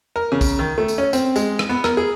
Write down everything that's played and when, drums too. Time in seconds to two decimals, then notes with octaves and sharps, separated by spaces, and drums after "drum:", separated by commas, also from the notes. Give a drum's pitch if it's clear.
0.16 A#4
0.32 C#3
0.41 drum: kick, tambourine
0.59 D#3
0.78 A3
0.88 drum: tambourine
0.98 C#4
1.13 C4, drum: tambourine
1.36 G#3, drum: tambourine
1.59 drum: rim click
1.69 B3
1.84 A#4, drum: rim click
1.97 G#4